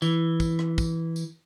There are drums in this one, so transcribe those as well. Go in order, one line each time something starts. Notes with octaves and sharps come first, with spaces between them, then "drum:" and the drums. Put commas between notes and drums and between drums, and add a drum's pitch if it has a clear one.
E3, drum: tambourine
drum: kick, tambourine
drum: rim click
drum: kick, tambourine
drum: tambourine